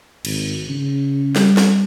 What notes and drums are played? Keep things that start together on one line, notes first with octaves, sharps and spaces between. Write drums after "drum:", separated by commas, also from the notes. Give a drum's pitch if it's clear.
G#1, drum: cymbal
C#3
G3, drum: snare
drum: snare